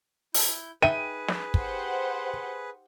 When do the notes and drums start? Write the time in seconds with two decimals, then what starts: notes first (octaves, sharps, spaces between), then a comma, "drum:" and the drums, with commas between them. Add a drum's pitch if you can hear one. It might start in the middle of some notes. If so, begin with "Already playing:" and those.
0.34 E4 G6, drum: open hi-hat
0.82 D#4 G#4 B4 E5 G5 D#7
1.28 drum: snare
1.54 G4 C5 F#5, drum: kick